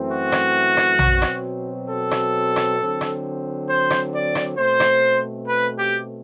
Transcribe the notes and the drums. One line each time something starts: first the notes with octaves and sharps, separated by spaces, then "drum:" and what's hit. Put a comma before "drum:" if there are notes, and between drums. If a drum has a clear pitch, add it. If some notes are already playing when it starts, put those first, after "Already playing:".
Already playing: F#2 E3 A3 C4
F#4
drum: rim click
drum: rim click
B2 F#3 C4, drum: tom A#1
drum: rim click
A4
drum: rim click
drum: rim click
D3 F#3 C4
drum: rim click
C5
drum: rim click
D5
drum: rim click
B2 A3 C4 C5
drum: rim click
B4
G4